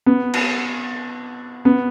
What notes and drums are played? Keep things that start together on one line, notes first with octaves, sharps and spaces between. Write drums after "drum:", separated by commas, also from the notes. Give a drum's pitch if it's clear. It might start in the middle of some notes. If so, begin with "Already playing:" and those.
B3
drum: cymbal
B3